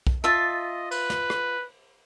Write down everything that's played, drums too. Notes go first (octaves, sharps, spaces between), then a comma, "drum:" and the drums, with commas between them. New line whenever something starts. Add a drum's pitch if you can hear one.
drum: kick
F4 D#5 E5 A5
B4, drum: cymbal
drum: snare
drum: rim click